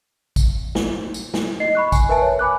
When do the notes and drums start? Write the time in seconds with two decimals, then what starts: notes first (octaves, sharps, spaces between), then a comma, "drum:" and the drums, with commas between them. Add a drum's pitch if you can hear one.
0.36 drum: kick A#1, tambourine
0.75 drum: snare
1.14 drum: tambourine
1.34 drum: snare
1.60 D#5 C7
1.75 B5 C#6 F#6
1.92 G#5, drum: kick A#1, tambourine
2.09 A#4 B4 E5 G#5 A5
2.21 C#5 A5
2.39 G#5 B5 D6 F#6